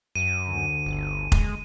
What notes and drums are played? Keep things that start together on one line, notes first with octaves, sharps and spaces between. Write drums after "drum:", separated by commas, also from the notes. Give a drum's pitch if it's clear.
F#2 D#7
D2
G1
G#3, drum: kick F1